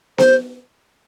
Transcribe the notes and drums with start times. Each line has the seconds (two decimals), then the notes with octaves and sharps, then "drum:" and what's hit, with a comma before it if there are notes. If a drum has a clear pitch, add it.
0.18 C5, drum: snare B3